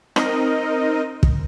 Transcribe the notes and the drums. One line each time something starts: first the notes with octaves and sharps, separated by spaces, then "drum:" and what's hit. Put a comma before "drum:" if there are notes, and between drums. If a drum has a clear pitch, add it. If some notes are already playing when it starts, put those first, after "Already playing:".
C4 D#4 A#4 D#5, drum: rim click
drum: kick